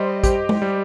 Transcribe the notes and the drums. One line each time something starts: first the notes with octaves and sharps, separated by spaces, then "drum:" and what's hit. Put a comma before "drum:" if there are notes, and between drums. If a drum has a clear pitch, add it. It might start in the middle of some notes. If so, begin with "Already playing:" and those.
Already playing: G3 C5 D#5
G4, drum: kick, hi-hat
drum: tom G#3
G3